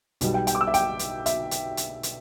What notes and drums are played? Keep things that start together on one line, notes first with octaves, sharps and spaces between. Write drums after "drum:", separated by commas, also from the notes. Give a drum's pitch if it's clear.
B1 B2 G3, drum: hi-hat
G5
G5, drum: hi-hat
D6
E6
E5
G5, drum: hi-hat
drum: hi-hat
E5, drum: hi-hat
drum: hi-hat
drum: hi-hat
drum: hi-hat